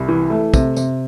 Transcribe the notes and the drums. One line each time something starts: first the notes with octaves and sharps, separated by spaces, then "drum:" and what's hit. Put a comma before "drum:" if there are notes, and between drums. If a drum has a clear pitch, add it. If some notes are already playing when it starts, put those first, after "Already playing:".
Already playing: C2
E3
A3
C3, drum: kick, tambourine
C3, drum: tambourine